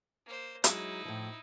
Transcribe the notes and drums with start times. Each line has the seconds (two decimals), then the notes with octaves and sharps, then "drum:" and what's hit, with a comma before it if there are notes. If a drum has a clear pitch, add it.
0.26 A#3 C5
0.64 F#3 G#3 D#4 E4, drum: hi-hat
1.05 A2 F3